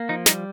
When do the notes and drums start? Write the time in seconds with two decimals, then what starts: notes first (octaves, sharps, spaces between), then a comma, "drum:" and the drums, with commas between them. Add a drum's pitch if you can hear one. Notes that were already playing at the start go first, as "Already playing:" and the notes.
Already playing: A#3
0.09 F3 D#4
0.26 G3 D#4, drum: snare